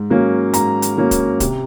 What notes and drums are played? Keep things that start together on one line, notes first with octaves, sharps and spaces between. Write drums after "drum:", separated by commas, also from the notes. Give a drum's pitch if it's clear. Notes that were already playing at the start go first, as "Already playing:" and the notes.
Already playing: G#2
F#3 A#3 C#4
G#2 A#5, drum: hi-hat
drum: hi-hat
F#3 A#3 C#4
drum: kick C#1, hi-hat
C3, drum: kick C#1, hi-hat